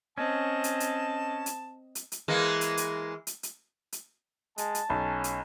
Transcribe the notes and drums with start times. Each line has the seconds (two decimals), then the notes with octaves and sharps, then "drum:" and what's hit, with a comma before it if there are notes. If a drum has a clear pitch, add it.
0.18 C4 C#4 D#5 A5
0.64 drum: hi-hat
0.80 drum: hi-hat
1.46 drum: hi-hat
1.95 drum: hi-hat
2.12 drum: hi-hat
2.28 E3 G#3 A#3
2.61 drum: hi-hat
2.77 drum: hi-hat
3.27 drum: hi-hat
3.43 drum: hi-hat
3.92 drum: hi-hat
4.58 G#3 A5, drum: hi-hat
4.75 drum: hi-hat
4.90 B1 C#4
5.24 drum: hi-hat